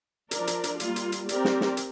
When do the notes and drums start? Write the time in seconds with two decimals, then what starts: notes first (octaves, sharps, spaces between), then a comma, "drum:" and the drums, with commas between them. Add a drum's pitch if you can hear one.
0.31 F3 D4 A#4 D5, drum: hi-hat
0.47 drum: hi-hat
0.64 drum: hi-hat
0.80 G3 A#3 F4, drum: hi-hat
0.96 drum: hi-hat
1.12 drum: hi-hat
1.29 C4 G4 A#4 D5, drum: hi-hat
1.45 drum: snare
1.61 drum: snare
1.77 drum: hi-hat